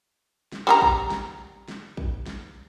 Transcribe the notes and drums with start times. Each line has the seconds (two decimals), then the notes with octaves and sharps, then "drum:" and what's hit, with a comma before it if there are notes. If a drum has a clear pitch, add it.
0.52 drum: snare
0.67 G3 G4 A#5
0.81 drum: kick
1.10 drum: snare
1.68 drum: snare
1.97 drum: kick
2.26 drum: snare